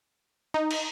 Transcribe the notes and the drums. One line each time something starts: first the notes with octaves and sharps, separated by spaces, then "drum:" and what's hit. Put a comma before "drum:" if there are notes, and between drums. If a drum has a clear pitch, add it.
D#4
drum: cymbal